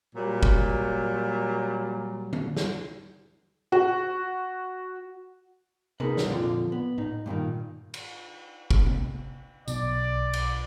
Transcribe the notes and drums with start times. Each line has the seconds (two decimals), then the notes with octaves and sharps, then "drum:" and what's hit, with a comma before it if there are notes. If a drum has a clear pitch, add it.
0.16 A#2 F#3 G3 A#3
0.43 drum: kick
2.33 drum: tom
2.57 drum: snare
3.72 F#4
6.00 D4 D#4 G#4 A#4 B4 D#5, drum: tom C3
6.17 drum: snare
6.29 F2 A#2 D3 F4 D5
6.72 B3
6.98 D#4, drum: tom A2
7.26 G2 A#2 D3 D#3
7.94 drum: cymbal
8.71 drum: kick
8.86 drum: tom C3
9.68 B1 D5, drum: tambourine
10.33 drum: cymbal